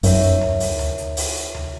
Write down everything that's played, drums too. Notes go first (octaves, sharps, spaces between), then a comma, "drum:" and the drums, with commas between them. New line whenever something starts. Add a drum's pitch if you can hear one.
F#2 D#4 A#4 C#5 E5, drum: open hi-hat
drum: tom D2
drum: open hi-hat
drum: tom D2
drum: hi-hat
drum: open hi-hat
drum: tom D2